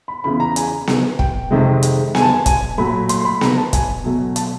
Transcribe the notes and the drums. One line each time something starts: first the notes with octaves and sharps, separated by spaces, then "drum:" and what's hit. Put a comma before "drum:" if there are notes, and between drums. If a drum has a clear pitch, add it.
B5
E2 C#3 E3 B5
A#5
G#5, drum: hi-hat
drum: snare B3
G5, drum: kick
F2 C3 D#3 G#3
drum: hi-hat
G#5, drum: snare B3
A5
G#5
G#5, drum: kick, hi-hat
A#2 F#3 A3 B5
C6, drum: hi-hat
B5
A#5, drum: snare B3
A5
G#5, drum: kick, hi-hat
B2 F#3 A3
A5, drum: hi-hat